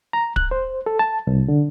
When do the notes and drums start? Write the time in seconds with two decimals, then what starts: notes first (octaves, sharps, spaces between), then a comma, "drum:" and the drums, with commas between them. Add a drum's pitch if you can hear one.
0.13 A#5
0.36 F#6, drum: kick
0.51 C5
0.86 A4
0.99 A5
1.27 C2
1.48 D3